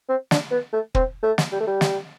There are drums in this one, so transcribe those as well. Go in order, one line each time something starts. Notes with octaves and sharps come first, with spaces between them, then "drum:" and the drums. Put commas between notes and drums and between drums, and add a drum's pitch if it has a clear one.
C4
D4, drum: snare
B3
A3
C4, drum: kick
A3
drum: snare
G3
A3
G3
drum: snare